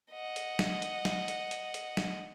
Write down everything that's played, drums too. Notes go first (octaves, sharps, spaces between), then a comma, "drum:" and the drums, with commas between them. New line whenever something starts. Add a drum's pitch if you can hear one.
D#5 F#5
drum: hi-hat
drum: snare
drum: hi-hat
drum: snare
drum: hi-hat
drum: hi-hat
drum: hi-hat
drum: snare